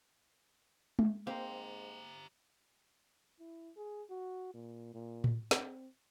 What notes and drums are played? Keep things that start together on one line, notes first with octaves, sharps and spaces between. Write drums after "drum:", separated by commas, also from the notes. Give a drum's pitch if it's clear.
drum: tom G#3
G#2 A#3 C4 G4 F5 A#5
E4
G#4
F#4
A#2
A#2
drum: tom A2
C4, drum: snare